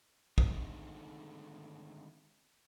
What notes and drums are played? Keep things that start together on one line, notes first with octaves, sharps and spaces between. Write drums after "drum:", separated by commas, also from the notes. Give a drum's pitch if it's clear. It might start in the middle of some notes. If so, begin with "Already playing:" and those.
D3 D#3 G#3 A3 C4 D#4, drum: kick